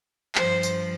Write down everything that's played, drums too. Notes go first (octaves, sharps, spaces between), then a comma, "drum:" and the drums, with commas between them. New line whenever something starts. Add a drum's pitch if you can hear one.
G2 F3 C5, drum: clap
drum: tambourine